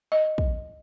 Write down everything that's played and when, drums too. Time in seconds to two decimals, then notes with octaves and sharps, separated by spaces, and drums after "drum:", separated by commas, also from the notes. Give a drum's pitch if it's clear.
0.12 D#5
0.38 drum: kick